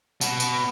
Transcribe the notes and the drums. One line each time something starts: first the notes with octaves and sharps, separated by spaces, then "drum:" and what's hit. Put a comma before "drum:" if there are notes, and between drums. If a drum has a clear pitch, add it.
B2, drum: tambourine
drum: tambourine